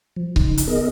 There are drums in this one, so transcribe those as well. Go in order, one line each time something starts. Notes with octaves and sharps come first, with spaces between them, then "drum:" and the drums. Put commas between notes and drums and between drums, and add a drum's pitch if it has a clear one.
F3
C#3 D#4, drum: kick C#1
drum: hi-hat
B3 G#4 A#4 D#5